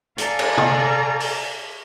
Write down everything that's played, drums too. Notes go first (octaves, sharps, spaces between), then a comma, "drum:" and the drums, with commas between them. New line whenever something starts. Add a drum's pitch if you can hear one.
A4 D5 F5 G#5 A#5, drum: hi-hat
drum: cymbal
drum: tom
drum: open hi-hat